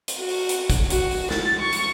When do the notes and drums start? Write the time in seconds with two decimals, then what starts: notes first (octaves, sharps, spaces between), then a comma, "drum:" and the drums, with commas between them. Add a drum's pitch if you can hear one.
0.08 drum: hi-hat
0.19 F#4
0.28 drum: open hi-hat
0.49 drum: hi-hat
0.70 drum: kick, hi-hat
0.90 F#4, drum: hi-hat
1.11 drum: open hi-hat
1.30 A6, drum: snare
1.60 C#6
1.72 drum: hi-hat